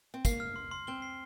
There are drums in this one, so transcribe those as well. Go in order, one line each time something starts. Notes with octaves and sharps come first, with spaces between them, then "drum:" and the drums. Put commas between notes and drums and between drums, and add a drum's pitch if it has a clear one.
C4
A#3 C7, drum: kick, tambourine
F6
C6
C6
C4 G7
C7